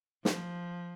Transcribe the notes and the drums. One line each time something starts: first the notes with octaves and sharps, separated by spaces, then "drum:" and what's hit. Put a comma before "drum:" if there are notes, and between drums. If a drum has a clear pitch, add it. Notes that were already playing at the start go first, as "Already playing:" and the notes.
F3, drum: snare